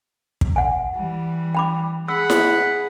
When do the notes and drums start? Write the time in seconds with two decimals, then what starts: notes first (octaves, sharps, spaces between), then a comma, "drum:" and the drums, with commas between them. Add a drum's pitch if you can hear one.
0.41 drum: kick
0.56 F#5 G#5
0.96 E3 G3
1.55 G5 B5 D6
2.08 G#4 F#5 B5 E6
2.30 drum: snare E4